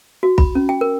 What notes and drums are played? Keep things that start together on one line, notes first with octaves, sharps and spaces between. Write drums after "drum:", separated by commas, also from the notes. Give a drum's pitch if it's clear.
F#4
B5, drum: kick
C#4
G5
A#4